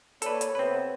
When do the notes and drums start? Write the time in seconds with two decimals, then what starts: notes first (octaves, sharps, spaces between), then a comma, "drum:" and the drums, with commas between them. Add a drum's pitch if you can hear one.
0.22 A#3 A4 B4 C#5 D5, drum: hi-hat
0.41 drum: hi-hat
0.55 C3 B3 C4 B4